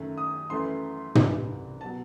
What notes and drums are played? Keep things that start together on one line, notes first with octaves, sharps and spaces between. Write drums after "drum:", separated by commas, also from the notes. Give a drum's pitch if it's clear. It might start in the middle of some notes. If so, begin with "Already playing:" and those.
Already playing: F#2 D#3 A3
D#6
F#2 E3 A3 C6
C2 C3 E3, drum: tom
B2 F#3 A5